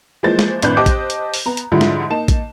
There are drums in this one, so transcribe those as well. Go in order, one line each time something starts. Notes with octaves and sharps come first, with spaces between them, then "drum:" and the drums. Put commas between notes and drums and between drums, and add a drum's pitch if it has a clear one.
E3 F3 G#3 A#3 C5 A6
drum: snare
G#1 A2 D4 B4 F#6 G6, drum: hi-hat
G4 C5 D#5 A5 D6
drum: kick A1, hi-hat
drum: hi-hat
drum: open hi-hat
B3 A#5
drum: hi-hat
G#2 D3 F3 G3 E4
drum: snare
A#3 D#4 A5 E7
drum: kick A1, hi-hat